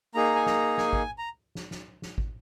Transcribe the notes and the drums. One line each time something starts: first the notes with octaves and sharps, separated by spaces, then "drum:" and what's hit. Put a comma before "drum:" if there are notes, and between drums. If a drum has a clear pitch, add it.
A#3 D#4 G#4 A#5
G#5
A#5, drum: snare
G#5, drum: snare
drum: kick G#1
A#5
drum: snare
drum: snare
drum: snare
drum: kick G#1